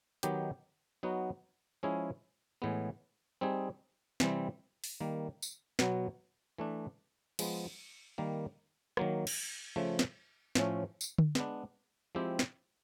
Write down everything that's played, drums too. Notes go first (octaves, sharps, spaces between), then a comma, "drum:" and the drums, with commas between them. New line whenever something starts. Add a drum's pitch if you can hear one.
D#3 F#3 B3 D#4 G4, drum: hi-hat
F#3 B3 D#4 F#4
F3 G#3 C#4 E4 G#4
A2 E3 G#3 B3
G3 C4 D#4 G#4
C3 E3 G3 C4, drum: snare
drum: open hi-hat
D#3 G3 A#3
drum: tambourine
B2 F#3 B3, drum: snare
E3 A3 D4
F3 G#3 B3, drum: cymbal
D#3 G3 A#3
D#3 F#3 A#3, drum: rim click
drum: cymbal
C#3 F3 A3
drum: snare
A2 F3 A3 C#4, drum: snare
drum: tambourine
drum: tom D3
G#3 B3 D4, drum: snare
F3 G#3 C4 E4 G4
drum: snare